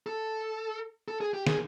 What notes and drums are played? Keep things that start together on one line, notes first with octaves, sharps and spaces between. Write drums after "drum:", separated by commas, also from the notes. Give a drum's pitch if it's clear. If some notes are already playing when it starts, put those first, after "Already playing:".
A4
A4
G#4
G4
G#4, drum: snare